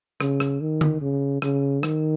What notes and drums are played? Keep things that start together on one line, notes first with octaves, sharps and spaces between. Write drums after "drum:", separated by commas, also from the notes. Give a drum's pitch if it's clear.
C#3, drum: rim click
drum: rim click
D#3
drum: tom D3
C#3
C#3, drum: rim click
D#3, drum: rim click